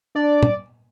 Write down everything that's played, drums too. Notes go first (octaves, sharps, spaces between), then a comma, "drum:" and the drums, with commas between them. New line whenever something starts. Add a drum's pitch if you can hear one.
D4 D5
drum: tom